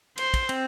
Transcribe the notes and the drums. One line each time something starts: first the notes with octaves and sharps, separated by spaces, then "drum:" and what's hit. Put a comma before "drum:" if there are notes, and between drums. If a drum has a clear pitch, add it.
C5, drum: cymbal
drum: kick, cymbal
C4, drum: cymbal